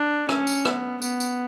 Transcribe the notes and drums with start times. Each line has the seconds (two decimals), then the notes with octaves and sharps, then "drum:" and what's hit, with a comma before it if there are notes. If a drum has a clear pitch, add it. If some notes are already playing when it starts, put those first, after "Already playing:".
Already playing: D4
0.29 C#4, drum: rim click
0.47 drum: tambourine
0.65 B3, drum: rim click
1.02 B3, drum: tambourine
1.20 drum: tambourine